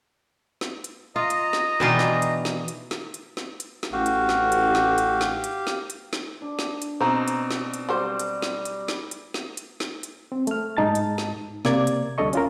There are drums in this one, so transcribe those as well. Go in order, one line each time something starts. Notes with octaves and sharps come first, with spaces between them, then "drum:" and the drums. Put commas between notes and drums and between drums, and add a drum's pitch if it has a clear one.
drum: snare
drum: hi-hat
F4 D#5 A#5
drum: hi-hat
drum: snare
B2 D#3 E3 D4 D#4 F4
drum: snare
drum: hi-hat
drum: snare
drum: hi-hat
drum: snare
drum: hi-hat
drum: snare
drum: hi-hat
drum: snare
A1 F#4 G4 F5
drum: hi-hat
drum: snare
drum: hi-hat
drum: snare
drum: hi-hat
drum: snare
drum: hi-hat
drum: snare
drum: hi-hat
drum: snare
D4
drum: snare
drum: hi-hat
B2 C4 D#4 C5 A#5
drum: hi-hat
drum: snare
drum: hi-hat
F#3 G3 G4 C5
drum: hi-hat
drum: snare
drum: hi-hat
drum: snare
drum: hi-hat
drum: snare
drum: hi-hat
drum: snare
drum: hi-hat
C4
A3 F6, drum: hi-hat
G#2 G#3 D#4 A5 A6
drum: hi-hat
drum: snare
C3 A#3 D5 G#6, drum: snare
drum: hi-hat
D2 G3 D4 A4 D#5 C#6
C#4 F4 A#4, drum: hi-hat